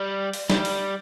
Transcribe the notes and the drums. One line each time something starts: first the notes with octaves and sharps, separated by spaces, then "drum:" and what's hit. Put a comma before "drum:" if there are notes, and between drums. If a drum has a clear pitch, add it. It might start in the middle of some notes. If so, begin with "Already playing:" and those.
Already playing: G3
drum: open hi-hat
G3, drum: snare
drum: open hi-hat